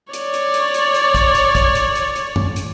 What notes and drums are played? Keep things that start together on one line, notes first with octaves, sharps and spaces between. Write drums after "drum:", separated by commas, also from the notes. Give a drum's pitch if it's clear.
C#5 D5, drum: hi-hat
drum: hi-hat
drum: hi-hat
drum: hi-hat
drum: hi-hat
drum: kick, hi-hat
drum: hi-hat
drum: kick, hi-hat
drum: hi-hat
drum: hi-hat
drum: hi-hat
drum: tom F#2
drum: hi-hat